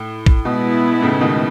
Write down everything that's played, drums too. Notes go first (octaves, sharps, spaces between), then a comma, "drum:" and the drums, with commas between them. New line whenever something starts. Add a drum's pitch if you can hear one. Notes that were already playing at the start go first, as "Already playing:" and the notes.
Already playing: A2
drum: kick
B2 G#3 B3 E4
A2 C#3
B2 D#3